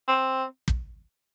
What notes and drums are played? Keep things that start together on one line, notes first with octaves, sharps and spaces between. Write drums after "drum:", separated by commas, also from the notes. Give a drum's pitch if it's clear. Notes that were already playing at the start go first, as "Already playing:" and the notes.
C4
drum: kick